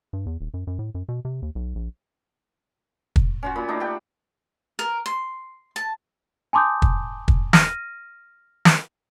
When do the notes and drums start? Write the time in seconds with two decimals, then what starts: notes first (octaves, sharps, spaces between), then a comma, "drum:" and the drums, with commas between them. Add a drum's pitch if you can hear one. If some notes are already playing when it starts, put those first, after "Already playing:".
0.13 G2
0.26 E2
0.41 D#1
0.54 F#2
0.67 F#2
0.79 A2
0.95 F#2
1.09 B2
1.25 C3
1.42 D#2
1.55 B1
1.75 A#1
3.16 drum: kick
3.43 C#4 F4 F#4
3.56 A#2 B5
3.68 A3 D4 D#4
3.80 D4 F#4 G4
4.79 A#4
5.06 C6
5.76 A5
6.53 G#5 A5 C6 D6 D#6 G6
6.82 drum: kick
7.28 drum: kick
7.53 F6 A#6 D#7, drum: snare
8.65 drum: snare